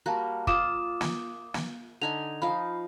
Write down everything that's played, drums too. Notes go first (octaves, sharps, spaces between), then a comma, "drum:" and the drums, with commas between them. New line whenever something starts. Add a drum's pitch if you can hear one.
G3 A#3 F#4 A5 A#5
F4 D6 D#6 E7, drum: kick
drum: snare
drum: snare
D3 D#4 G#5 F7
F3 D#4 F5 B5